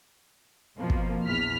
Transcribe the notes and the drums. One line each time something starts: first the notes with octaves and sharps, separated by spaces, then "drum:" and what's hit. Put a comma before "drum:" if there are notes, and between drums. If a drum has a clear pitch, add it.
F2 B2 F3 A#3
drum: kick
A#1 E2 F6 B6